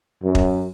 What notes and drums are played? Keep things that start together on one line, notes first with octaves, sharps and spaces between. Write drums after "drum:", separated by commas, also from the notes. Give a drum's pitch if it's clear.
F#2
drum: kick